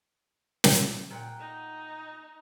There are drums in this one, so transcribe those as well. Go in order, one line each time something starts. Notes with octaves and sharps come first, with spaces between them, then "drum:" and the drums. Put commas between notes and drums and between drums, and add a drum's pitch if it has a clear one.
drum: snare
A#2 F#5 G5
D#4